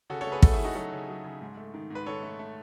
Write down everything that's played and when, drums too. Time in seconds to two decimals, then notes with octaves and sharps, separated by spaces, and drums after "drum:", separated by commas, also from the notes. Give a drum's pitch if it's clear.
0.10 C#3 F#4 A4
0.21 A4 C#5
0.27 A3
0.32 G#4 B4
0.42 A3 F#4 A4, drum: kick
0.53 E4 G#4
0.59 C#3
0.64 D#4 F#4
0.75 F#3 F#4 A4
0.92 C#3
1.09 F#3
1.24 C#3
1.41 G#2
1.57 A3
1.74 D#3
1.90 G#2
1.95 B4
2.06 D#3 A4 C#5
2.23 A3
2.39 A3